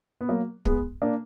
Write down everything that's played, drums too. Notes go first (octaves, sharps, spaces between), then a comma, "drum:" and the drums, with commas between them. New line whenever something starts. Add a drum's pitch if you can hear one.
B3
F#3 A#3
G#3 B3, drum: kick
A#3 D4